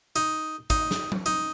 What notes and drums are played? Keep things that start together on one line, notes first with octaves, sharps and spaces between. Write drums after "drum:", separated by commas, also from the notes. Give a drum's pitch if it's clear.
D#4
D#4, drum: kick
drum: snare
drum: tom F#3
D#4